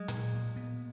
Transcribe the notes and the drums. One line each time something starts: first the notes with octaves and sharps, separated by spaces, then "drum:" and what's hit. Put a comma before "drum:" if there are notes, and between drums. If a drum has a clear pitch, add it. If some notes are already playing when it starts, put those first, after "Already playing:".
Already playing: F#3 G#3
A#2, drum: hi-hat
A#2
B3